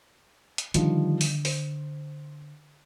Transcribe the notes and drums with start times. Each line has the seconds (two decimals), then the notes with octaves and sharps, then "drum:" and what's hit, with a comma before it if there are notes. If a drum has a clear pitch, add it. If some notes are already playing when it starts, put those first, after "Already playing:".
0.58 drum: hi-hat
0.74 D3 D#3 F3 G3, drum: hi-hat
1.21 drum: open hi-hat
1.45 C5, drum: open hi-hat